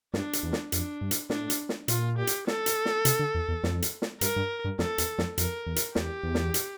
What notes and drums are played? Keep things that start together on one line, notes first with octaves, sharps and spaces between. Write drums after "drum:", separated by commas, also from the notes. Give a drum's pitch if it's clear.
G2 D4, drum: snare
drum: hi-hat
E2
drum: snare
F2 D4, drum: hi-hat
G2
drum: hi-hat
A2 D4, drum: snare
drum: hi-hat
drum: snare
A#2 F4, drum: hi-hat
G4
drum: hi-hat
A4, drum: snare
drum: hi-hat
drum: snare
C3, drum: hi-hat
D3
E2
E2
F2, drum: snare
drum: hi-hat
drum: snare
G2 A#4, drum: hi-hat
G2
G2
F2 A4, drum: snare
E2, drum: hi-hat
F2, drum: snare
F2 A#4, drum: hi-hat
E2
drum: hi-hat
E2 G4, drum: snare
E2
drum: snare
drum: hi-hat